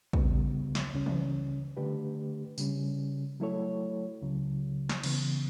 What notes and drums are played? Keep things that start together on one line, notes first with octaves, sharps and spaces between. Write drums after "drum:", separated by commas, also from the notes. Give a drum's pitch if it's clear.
D2 C#3 G3 B3, drum: kick
drum: snare
C#2 C#3 G3 C#4
drum: tom E3
D3 A3 D4 G4 B4
C#3 G3 C#4, drum: tambourine
F#3 A3 E4 A4 C#5
C#2 C#3 F#3
drum: snare
C#3 E3 B3, drum: cymbal